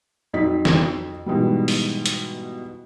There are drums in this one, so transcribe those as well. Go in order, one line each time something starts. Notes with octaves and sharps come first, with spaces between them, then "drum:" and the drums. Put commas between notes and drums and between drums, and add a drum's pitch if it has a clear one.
F2 F#3 D#4 B6
drum: snare
G#2 B2 E3 G3
drum: open hi-hat
drum: hi-hat